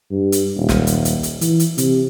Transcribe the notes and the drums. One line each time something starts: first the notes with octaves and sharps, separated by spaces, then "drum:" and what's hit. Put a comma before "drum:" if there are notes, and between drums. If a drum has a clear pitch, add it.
G2
drum: hi-hat
D#1
drum: snare
drum: hi-hat
drum: hi-hat
drum: hi-hat
E3, drum: hi-hat
drum: hi-hat
C3, drum: hi-hat